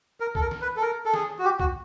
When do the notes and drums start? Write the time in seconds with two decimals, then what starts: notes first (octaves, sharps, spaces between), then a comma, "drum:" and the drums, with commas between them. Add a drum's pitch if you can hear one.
0.20 A#4
0.35 A4, drum: kick
0.41 A#4
0.51 drum: snare
0.61 B4
0.77 A4
0.82 A#4
1.06 A4
1.14 G#4, drum: snare
1.39 F#4
1.45 G4
1.60 F#4, drum: kick